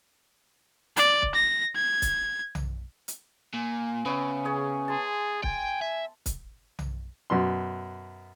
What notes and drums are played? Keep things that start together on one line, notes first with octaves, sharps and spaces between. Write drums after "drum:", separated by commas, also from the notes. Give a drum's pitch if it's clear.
D5, drum: hi-hat
drum: kick
A#6
G#6
drum: kick, hi-hat
drum: tom B1
drum: hi-hat
A#2 G#5
C#3 B3 C#5 E5
C#4 G#4 C#5
G#4 A5 C6
G5 G#5, drum: kick
E5
drum: kick, hi-hat
drum: tom B1
F#2 B2 C6